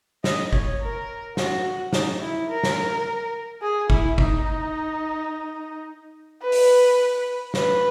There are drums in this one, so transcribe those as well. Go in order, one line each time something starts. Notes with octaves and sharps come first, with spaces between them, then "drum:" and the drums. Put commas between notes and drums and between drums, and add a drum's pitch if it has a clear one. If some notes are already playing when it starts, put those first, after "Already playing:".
D#5, drum: snare
C#5, drum: kick
A#4
F#4, drum: snare
D#4, drum: snare
E4
A#4
drum: snare
G#4
E4, drum: kick
D#4, drum: kick
B4
drum: open hi-hat
B4, drum: snare